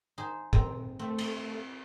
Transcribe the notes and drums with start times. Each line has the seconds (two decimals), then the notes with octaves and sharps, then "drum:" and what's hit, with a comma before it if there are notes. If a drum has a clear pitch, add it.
0.18 D#4 G#4 C5
0.53 C4 A#5, drum: kick
0.99 A3 C4
1.18 C6, drum: cymbal